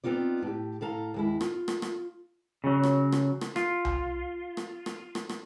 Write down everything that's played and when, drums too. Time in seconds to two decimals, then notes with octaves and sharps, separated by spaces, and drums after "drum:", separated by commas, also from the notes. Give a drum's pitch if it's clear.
0.04 B3 C4 D#4 F4 D5
0.42 A2 G4
0.81 A2 A4 F5 A#5
1.14 D#2 G#3 E4
1.41 F4, drum: rim click
1.68 drum: rim click
1.82 drum: rim click
2.64 C#3 F#3
2.83 drum: rim click
3.12 drum: rim click
3.41 drum: rim click
3.56 F4, drum: rim click
3.85 drum: tom C2
4.57 drum: rim click
4.86 drum: rim click
5.15 drum: rim click
5.29 drum: rim click